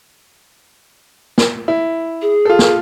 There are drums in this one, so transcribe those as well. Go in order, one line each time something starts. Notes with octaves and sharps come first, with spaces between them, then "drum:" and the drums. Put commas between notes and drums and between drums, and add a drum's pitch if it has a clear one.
drum: snare
E4
G#4
F4 A4
drum: snare